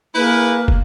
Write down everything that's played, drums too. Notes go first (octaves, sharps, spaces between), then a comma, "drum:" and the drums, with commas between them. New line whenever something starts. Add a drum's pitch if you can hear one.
A#3 E4 G#4 B4
drum: kick